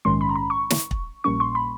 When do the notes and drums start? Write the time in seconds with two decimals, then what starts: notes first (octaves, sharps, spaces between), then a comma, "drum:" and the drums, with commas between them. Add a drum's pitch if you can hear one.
0.05 A#1 G#2 D#3 G#3 C#4 C6
0.21 B5
0.29 A#5
0.36 B5
0.50 C#6
0.70 drum: snare
0.91 drum: kick
1.24 A#1 A#2 G3 A#3 C#4 C#6
1.40 C6
1.55 B5